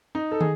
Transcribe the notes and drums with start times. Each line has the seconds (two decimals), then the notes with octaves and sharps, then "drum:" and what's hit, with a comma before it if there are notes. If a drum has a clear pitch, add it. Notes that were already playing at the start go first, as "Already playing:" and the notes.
0.15 D#4
0.32 A4
0.41 G#4, drum: tom